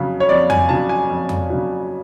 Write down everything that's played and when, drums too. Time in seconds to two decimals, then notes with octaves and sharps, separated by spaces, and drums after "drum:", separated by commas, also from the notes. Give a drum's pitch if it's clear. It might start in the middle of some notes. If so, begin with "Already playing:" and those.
Already playing: F2 C#3 F#3
0.20 C#5
0.29 F2 D5
0.50 G#5, drum: tom F2
0.69 C#3 F#3 A5
0.89 G#5
1.10 F2
1.29 drum: tom F2
1.50 C#3 F#3